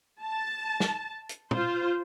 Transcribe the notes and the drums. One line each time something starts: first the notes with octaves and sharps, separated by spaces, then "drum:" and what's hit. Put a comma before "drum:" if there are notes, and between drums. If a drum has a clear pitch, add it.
A5
drum: snare
drum: hi-hat
F4 C5, drum: tom